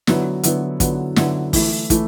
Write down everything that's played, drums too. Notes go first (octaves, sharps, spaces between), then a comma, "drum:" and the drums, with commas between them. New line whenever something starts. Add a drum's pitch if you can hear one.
D3 F#3 B3 E4, drum: snare
D3 F#3 B3 E4, drum: hi-hat
D3 F#3 B3 E4, drum: kick, hi-hat
D3 F#3 B3 E4, drum: snare
E3 A3 E4, drum: kick, open hi-hat
E3 A3 E4, drum: kick, hi-hat